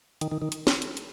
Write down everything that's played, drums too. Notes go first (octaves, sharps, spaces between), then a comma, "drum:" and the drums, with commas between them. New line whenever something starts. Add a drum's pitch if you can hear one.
D#3, drum: hi-hat
D#3
D#3
drum: hi-hat
drum: snare
drum: hi-hat
drum: hi-hat